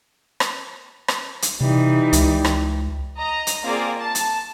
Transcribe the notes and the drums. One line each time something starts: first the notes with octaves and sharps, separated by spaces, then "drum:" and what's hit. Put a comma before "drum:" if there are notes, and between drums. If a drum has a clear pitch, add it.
drum: rim click
drum: rim click
drum: hi-hat
C3 E3 G3 D#4
C#2, drum: hi-hat
drum: rim click
D#5 A#5
drum: hi-hat
A#3 C4 F4 G#4 A#4 D5
A5
drum: hi-hat